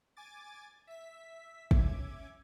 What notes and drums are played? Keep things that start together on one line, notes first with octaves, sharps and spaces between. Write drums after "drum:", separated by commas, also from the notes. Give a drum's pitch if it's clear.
G#5 D6 A6
E5 B6
C#4 E5 D6 G#6, drum: kick